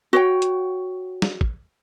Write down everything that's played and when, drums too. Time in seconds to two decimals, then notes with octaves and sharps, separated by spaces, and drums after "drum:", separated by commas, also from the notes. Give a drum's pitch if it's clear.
0.13 F#4 C#5 G5
0.42 drum: hi-hat
1.22 drum: snare
1.41 drum: kick